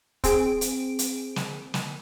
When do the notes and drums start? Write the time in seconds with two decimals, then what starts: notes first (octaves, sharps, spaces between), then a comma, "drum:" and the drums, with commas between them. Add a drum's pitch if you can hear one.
0.24 C4 G#4 D7, drum: kick, hi-hat
0.61 drum: hi-hat
0.99 drum: hi-hat
1.36 drum: snare
1.74 drum: snare